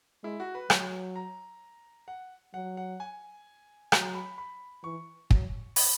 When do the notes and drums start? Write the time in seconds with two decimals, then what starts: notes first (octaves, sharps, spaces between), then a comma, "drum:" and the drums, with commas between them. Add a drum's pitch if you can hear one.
0.23 G#3 E4
0.40 F#4
0.55 B4
0.70 F#3 C#5, drum: rim click
1.16 A#5
2.08 F#5
2.54 F#3 F#5
2.77 F#5
3.00 G#5
3.92 F#3 A#5, drum: rim click
4.15 B5
4.38 B5
4.83 E3 C#6
5.31 F#3, drum: kick
5.76 B5, drum: open hi-hat